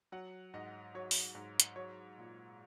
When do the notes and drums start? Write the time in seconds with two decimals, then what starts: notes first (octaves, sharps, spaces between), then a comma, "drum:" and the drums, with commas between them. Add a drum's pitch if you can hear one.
0.12 F#3 F#5
0.54 G#2 D#5
0.95 F#3 C#5
1.11 drum: open hi-hat
1.35 G#2
1.60 drum: hi-hat
1.76 F#3 C#5
2.18 A#2